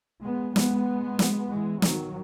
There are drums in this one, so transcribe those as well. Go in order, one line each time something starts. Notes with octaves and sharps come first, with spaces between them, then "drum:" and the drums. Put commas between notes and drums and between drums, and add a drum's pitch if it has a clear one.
G#3 B3
G#3 B3, drum: snare
drum: snare
E3 G#3
D#3 F#3, drum: snare